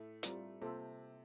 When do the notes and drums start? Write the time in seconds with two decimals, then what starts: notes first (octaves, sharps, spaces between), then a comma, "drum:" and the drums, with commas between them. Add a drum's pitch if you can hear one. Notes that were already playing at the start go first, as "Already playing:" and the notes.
Already playing: A2 A3
0.23 G3 C4 F4 A#4 D5, drum: hi-hat
0.61 C3 A#3 F4 A4 C5